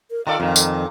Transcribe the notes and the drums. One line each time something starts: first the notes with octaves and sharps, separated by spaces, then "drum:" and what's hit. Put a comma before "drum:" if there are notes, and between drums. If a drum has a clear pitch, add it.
A#4
D#3 F4 A4 D5 F5
F2 A#2 D#3
A4, drum: tambourine